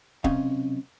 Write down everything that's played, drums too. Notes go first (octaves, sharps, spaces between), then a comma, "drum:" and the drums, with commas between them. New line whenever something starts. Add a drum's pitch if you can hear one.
B1 C3 C4 C#4 D#5 F5, drum: kick